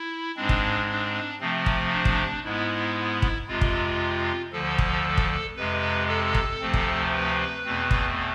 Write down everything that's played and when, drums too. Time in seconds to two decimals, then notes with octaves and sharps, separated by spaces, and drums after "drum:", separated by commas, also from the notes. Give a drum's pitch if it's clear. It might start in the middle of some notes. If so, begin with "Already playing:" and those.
Already playing: E4
0.36 G#2 G#3 C4 D4
0.49 drum: kick
0.88 D4
1.40 C3 F3 A3 C4
1.66 drum: kick
1.93 D4
2.05 drum: kick
2.44 G#2 G#3 B3 E4
3.22 drum: kick
3.48 F2 C3 G#3 C4 F4
3.61 drum: kick
4.52 D2 D3 F3 A4
4.78 drum: kick
5.17 drum: kick
5.56 F2 C3 G#3 B4
6.08 A4
6.35 drum: kick
6.61 D2 C3 F3 A3 C4
6.74 drum: kick
7.13 B4
7.65 E2 B2 A3 C4
7.91 drum: kick